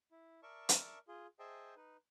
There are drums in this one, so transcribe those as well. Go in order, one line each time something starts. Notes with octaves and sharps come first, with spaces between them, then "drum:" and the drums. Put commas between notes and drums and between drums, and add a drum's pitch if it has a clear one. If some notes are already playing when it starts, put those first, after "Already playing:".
E4
A#4 D5 E5 A5 C#6
drum: hi-hat
F4 G#4
G#4 C5 D#5 E5 G5 A5
D#4 B4